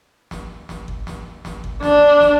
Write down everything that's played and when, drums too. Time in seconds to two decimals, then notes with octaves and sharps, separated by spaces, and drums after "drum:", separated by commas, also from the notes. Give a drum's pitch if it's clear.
0.31 drum: snare
0.69 drum: snare
0.88 drum: kick G1
1.07 drum: snare
1.45 drum: snare
1.64 drum: kick G1
1.83 D4, drum: snare
2.21 drum: snare